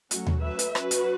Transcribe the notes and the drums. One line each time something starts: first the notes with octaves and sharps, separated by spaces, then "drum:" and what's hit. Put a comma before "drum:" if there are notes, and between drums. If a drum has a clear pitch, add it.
F#3 A3 C#4 F#4, drum: hi-hat
drum: tom D#2
F#3 A3 C#4 B4 E5
drum: hi-hat
F#3 C#4 F#4 B4, drum: rim click
drum: hi-hat